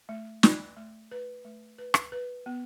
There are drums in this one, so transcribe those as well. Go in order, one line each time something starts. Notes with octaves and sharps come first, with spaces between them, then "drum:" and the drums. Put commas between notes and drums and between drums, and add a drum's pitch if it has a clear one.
A3
D5, drum: snare
A3
B4
A3
B4
drum: rim click
B4
B3